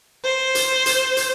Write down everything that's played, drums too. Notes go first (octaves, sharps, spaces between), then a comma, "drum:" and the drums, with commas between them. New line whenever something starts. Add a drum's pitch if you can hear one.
C5
drum: hi-hat
drum: hi-hat
drum: hi-hat